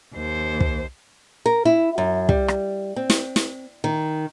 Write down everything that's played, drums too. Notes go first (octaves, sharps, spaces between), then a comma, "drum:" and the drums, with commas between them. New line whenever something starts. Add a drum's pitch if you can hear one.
D#2 C5
drum: kick
A#4
E4
F#2
G3, drum: kick
drum: rim click
C4
drum: snare
drum: snare
D#3